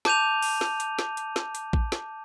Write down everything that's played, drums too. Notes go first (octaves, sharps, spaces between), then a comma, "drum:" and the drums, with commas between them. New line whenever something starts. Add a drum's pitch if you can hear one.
A5 D6 G6 D#7 F7, drum: snare
drum: open hi-hat
drum: snare
drum: hi-hat
drum: snare
drum: hi-hat
drum: snare
drum: hi-hat
drum: kick A1
drum: snare